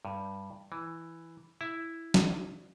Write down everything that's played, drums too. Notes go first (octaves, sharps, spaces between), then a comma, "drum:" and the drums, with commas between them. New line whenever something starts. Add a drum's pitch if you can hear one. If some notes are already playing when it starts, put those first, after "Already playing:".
G2
E3
E4
drum: snare